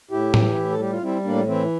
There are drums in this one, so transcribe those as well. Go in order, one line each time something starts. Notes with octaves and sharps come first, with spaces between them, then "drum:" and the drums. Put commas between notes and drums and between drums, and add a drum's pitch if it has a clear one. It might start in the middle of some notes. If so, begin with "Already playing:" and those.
A2 E4 G4
E3, drum: tom A2
A2
A4
G3 G4
F4
G3 C4 E4
A2 A#3 D4
E3 C4 E4